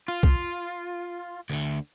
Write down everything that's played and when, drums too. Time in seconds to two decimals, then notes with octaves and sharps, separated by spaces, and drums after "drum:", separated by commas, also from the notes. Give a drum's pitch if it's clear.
0.08 F4
0.23 drum: kick
1.50 D2 D3